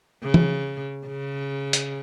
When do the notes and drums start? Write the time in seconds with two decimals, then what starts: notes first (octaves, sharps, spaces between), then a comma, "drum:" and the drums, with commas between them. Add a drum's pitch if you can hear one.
0.23 C#3
0.34 drum: tom
1.07 C#3
1.73 drum: hi-hat